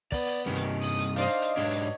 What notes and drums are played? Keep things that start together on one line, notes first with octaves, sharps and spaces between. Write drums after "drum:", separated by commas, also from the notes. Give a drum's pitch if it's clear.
B3 D5, drum: kick, open hi-hat
drum: open hi-hat
G2 C3 D#3 G3 C#4
drum: hi-hat
D#6, drum: open hi-hat
drum: hi-hat
D4 C5 D5 D#5 F5, drum: hi-hat
drum: hi-hat
drum: hi-hat
G#2 B2 D4 C#5
drum: hi-hat